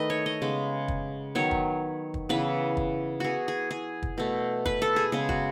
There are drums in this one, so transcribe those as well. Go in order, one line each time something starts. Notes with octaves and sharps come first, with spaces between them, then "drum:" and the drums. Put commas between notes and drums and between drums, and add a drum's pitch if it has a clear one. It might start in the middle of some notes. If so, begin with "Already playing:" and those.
Already playing: D#3 A3 B4 D#5
C#5
D#5
C#3 G#3 B3
drum: kick
D#3 F#3 B3 C#5
drum: kick
drum: kick
C#3 E3 B3 B4
drum: kick
E3 B3 F#4 G#4
G#4
G#4
drum: kick
B2 A3
B4, drum: kick
A4
G#4
C#3 G#3 B3 G#4
F#4, drum: kick